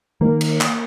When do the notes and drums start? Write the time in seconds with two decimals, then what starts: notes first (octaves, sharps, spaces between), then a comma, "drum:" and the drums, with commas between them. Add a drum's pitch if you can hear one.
0.21 D#3 A#3
0.41 drum: cymbal
0.61 drum: clap